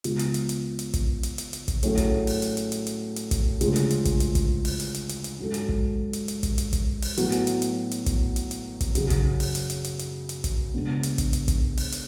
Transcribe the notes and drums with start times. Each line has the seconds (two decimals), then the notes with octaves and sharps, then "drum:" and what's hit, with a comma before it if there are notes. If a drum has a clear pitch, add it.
0.04 C#2 C#3 F3 B3 F4, drum: hi-hat
0.19 drum: hi-hat
0.34 drum: hi-hat
0.49 drum: hi-hat
0.79 drum: hi-hat
0.94 drum: kick, hi-hat
1.23 drum: hi-hat
1.38 drum: hi-hat
1.53 drum: hi-hat
1.68 drum: kick, hi-hat
1.83 A2 F#3 A3 C#4 G#4, drum: hi-hat
1.97 drum: kick, hi-hat
2.27 drum: open hi-hat
2.42 drum: hi-hat
2.57 drum: hi-hat
2.72 drum: hi-hat
2.87 drum: hi-hat
3.16 drum: hi-hat
3.31 drum: kick, hi-hat
3.61 D2 C#3 F3 G#3, drum: hi-hat
3.76 drum: hi-hat
3.90 drum: hi-hat
4.05 drum: kick, hi-hat
4.20 drum: hi-hat
4.35 drum: kick, hi-hat
4.65 drum: open hi-hat
4.80 drum: hi-hat
4.94 drum: hi-hat
5.09 drum: hi-hat
5.24 drum: hi-hat
5.39 G#2 F#3 C#4 F#4 A4
5.54 drum: hi-hat
5.69 drum: kick
6.13 drum: hi-hat
6.28 drum: hi-hat
6.43 drum: kick, hi-hat
6.58 drum: hi-hat
6.73 drum: kick, hi-hat
7.02 drum: open hi-hat
7.17 A2 F#3 B3 F#4, drum: hi-hat
7.32 drum: hi-hat
7.47 drum: hi-hat
7.62 drum: hi-hat
7.91 drum: hi-hat
8.06 drum: kick, hi-hat
8.36 drum: hi-hat
8.51 drum: hi-hat
8.81 drum: kick, hi-hat
8.95 F#2 C#3 F#3, drum: hi-hat
9.10 drum: kick, hi-hat
9.40 drum: open hi-hat
9.55 drum: hi-hat
9.70 drum: hi-hat
9.84 drum: hi-hat
9.99 drum: hi-hat
10.29 drum: hi-hat
10.44 drum: kick, hi-hat
10.74 C#2 C#3 G#3 B3 D4
11.03 drum: hi-hat
11.18 drum: kick, hi-hat
11.33 drum: hi-hat
11.48 drum: kick, hi-hat
11.77 drum: open hi-hat
11.92 drum: hi-hat